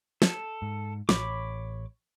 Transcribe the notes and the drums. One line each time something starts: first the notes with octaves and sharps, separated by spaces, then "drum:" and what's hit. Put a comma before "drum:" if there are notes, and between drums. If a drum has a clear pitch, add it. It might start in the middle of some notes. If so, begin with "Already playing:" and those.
A4, drum: snare
G#2
A1 C#5 B5 D6, drum: snare